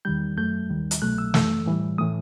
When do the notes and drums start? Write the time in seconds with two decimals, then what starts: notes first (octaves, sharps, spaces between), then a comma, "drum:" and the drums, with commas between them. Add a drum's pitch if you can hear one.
0.05 E2 D#3 G3 G6
0.37 F#2 F#3 A3 G6
0.70 D#2 D#3 G3
0.91 drum: hi-hat
1.02 C2 B2 F#3 A3 F#6
1.18 E6
1.34 F#2 E3 A3 E6, drum: snare
1.66 A2 E3 G3
1.98 A2 E3 A3 D#6